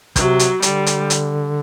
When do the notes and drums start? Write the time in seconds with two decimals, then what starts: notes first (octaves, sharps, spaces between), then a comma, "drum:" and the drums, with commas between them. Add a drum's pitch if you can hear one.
0.16 C3 F#3, drum: kick, hi-hat
0.39 drum: hi-hat
0.62 D3 G3, drum: hi-hat
0.86 drum: hi-hat
1.10 drum: hi-hat